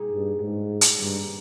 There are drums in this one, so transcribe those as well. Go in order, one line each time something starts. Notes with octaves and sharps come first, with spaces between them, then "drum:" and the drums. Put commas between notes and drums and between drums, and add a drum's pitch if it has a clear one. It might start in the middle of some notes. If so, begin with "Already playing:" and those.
Already playing: A#2 G3 A#3 D#4 G#4
G2
G#2
drum: hi-hat
G2 D#3 G3 A#3 C#4